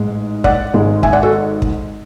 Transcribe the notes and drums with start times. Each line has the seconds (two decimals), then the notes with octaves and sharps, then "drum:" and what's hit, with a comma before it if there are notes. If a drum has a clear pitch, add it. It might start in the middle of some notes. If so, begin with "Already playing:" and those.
Already playing: A1 G#2 G#3
0.44 D5 F#5, drum: kick
0.74 G#1 G#2 G#3
1.03 E5 G#5, drum: kick
1.13 D5 F#5
1.23 F#4 A4
1.62 drum: kick